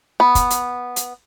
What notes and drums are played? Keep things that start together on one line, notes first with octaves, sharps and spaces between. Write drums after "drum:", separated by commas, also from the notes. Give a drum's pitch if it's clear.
B3
drum: kick, hi-hat
drum: hi-hat
drum: hi-hat